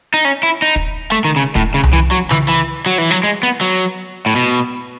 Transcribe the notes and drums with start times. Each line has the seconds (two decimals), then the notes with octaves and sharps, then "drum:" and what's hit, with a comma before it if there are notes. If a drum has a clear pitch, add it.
0.14 D#4
0.25 C#4
0.43 E4
0.62 D#4
0.76 drum: kick
1.12 A3
1.25 D#3
1.36 C#3
1.56 A2, drum: kick
1.74 C#3
1.84 drum: tom C2
1.93 E3
2.11 F#3
2.31 E3, drum: tom C#3
2.48 E3
2.86 F#3
2.98 E3
3.11 F#3, drum: snare
3.24 G#3
3.43 B3
3.61 F#3
4.26 A2
4.36 B2